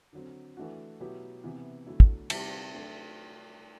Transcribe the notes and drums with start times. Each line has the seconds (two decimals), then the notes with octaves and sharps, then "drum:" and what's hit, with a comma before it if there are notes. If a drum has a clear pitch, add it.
0.13 D3 F#3 C4
0.57 E3 A3 D4 F#4
1.00 B2 F#3 B3 E4 G4
1.43 C3 E3 B3
1.86 D3 F#3 A3 E4
2.00 drum: kick
2.30 C3 G3 C4 E4 G4, drum: cymbal
2.73 F#3 A3 D4 F#4